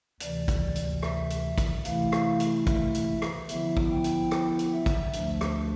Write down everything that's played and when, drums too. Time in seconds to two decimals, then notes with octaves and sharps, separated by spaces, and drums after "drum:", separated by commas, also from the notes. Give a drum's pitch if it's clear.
0.20 D2 C3 E3 D5, drum: hi-hat
0.48 drum: kick, hi-hat
0.75 drum: hi-hat
1.03 E5, drum: rim click
1.30 drum: hi-hat
1.58 drum: kick, hi-hat
1.85 C3 E3 A3 E4 F5, drum: hi-hat
2.12 drum: rim click
2.40 drum: hi-hat
2.67 E5, drum: kick, hi-hat
2.94 drum: hi-hat
3.22 drum: rim click
3.49 D3 F3 B3 E4 E5, drum: hi-hat
3.77 drum: kick
3.91 G5
4.04 drum: hi-hat
4.31 drum: rim click
4.59 drum: hi-hat
4.73 E5
4.86 drum: kick, hi-hat
5.13 D2 D3 F3 A3 D4, drum: hi-hat
5.41 drum: rim click